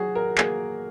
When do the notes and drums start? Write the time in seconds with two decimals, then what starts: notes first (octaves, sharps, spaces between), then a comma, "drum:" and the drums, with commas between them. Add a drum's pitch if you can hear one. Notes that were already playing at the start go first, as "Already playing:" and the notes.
Already playing: F#3 F#4 G#4
0.15 A#4
0.38 A#3 G#4, drum: clap